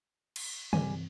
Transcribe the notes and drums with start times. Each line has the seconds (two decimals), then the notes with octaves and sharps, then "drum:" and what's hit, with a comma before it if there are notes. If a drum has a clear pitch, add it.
0.36 drum: cymbal
0.73 G2 E3 G3 C4 G4 G#5, drum: tom